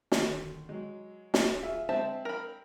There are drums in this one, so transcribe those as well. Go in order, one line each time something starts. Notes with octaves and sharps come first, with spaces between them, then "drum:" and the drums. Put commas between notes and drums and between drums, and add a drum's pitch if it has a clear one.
D3 D#3, drum: snare
F#3 G#3
drum: snare
F4 G#4 E5
G#3 C4 C5 E5 A5
A#4 B5